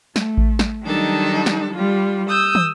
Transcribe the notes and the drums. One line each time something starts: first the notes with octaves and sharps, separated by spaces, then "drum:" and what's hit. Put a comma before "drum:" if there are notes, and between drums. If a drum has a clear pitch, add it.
A3, drum: snare
drum: kick A1
drum: snare
D#3 F#3 G3 D4 D#4 A4
drum: snare
G3 F4
D#6 E6 G6
drum: tom